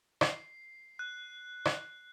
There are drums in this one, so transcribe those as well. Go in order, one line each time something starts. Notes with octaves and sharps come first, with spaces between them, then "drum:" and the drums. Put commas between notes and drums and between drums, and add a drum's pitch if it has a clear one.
C7, drum: rim click
F#6
drum: rim click